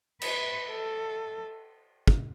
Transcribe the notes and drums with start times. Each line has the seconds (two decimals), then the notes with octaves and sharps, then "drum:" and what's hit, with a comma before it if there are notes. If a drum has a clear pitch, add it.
0.21 B4, drum: cymbal
0.71 A4
2.08 drum: kick